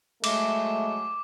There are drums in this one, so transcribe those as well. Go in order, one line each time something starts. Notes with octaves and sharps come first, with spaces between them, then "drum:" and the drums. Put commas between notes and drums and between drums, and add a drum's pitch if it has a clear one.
F#3 G#3 A3 D6, drum: cymbal